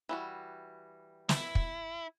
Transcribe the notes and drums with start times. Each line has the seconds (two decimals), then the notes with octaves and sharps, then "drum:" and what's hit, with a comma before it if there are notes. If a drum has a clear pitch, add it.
0.09 E3 G3 F#4
1.29 E4, drum: snare
1.55 drum: kick